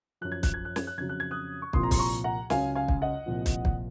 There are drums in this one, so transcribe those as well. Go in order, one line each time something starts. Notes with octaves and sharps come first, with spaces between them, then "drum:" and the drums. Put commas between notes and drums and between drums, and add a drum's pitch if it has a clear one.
F#2 F3 F#6
G#6
F#6, drum: kick, hi-hat
G#6
F#6
G#6, drum: snare
F#6
F2 C#3 F#3 G#6
F#6
G#6
D#6 F#6
C#6
C2 A#2 F3 C6 D#6, drum: kick
A#5
C6, drum: kick, open hi-hat
A#5 C#6
F#5 A#5
C#2 C#3 F#3 F5 G#5, drum: snare
F5 G#5
drum: kick
D#5 F#5
C2 A#2 F3
drum: kick, hi-hat
drum: kick